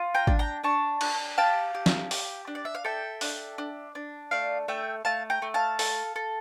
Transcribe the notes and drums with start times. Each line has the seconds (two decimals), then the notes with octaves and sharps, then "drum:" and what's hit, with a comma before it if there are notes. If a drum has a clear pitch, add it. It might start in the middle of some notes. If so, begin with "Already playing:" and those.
Already playing: F4
0.15 G5 A#5
0.27 D4, drum: kick G#1
0.39 G5 A#5
0.64 D4 A5 C#6
1.01 D4, drum: cymbal
1.38 G4 F5 A5
1.75 G4
1.86 drum: snare
2.11 G4, drum: open hi-hat
2.47 D4
2.55 D5
2.65 E5
2.75 F5
2.84 A4 E5 G5
3.21 D4, drum: open hi-hat
3.58 D4
3.95 D4
4.31 A3 D5 F5
4.68 A3 E5 G5
5.05 A3 F5 A5
5.30 G5 A#5
5.42 A3
5.54 F5 A5
5.79 A4, drum: open hi-hat
6.16 A4